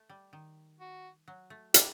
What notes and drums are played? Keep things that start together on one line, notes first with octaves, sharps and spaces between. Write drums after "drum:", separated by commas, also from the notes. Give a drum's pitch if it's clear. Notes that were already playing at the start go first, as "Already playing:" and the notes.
Already playing: A3
G3
D#3
F#4
F#3
A3
G3 G4, drum: hi-hat